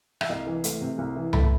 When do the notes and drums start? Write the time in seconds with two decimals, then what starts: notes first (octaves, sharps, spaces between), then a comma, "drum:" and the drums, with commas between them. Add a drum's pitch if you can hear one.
0.21 E5, drum: rim click
0.29 C2 D#5 F5
0.47 E3
0.64 A3, drum: hi-hat
0.81 C3
0.98 C2
1.16 E3
1.33 A3 A5 B5, drum: tom C2